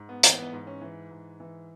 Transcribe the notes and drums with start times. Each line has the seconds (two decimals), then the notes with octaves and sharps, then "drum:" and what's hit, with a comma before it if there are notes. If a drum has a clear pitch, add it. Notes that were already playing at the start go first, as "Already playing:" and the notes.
Already playing: G#2
0.09 B3
0.23 E3 B3, drum: hi-hat
0.38 B3
0.53 G#2
0.67 C#4
0.81 E3
1.11 G#2
1.40 E3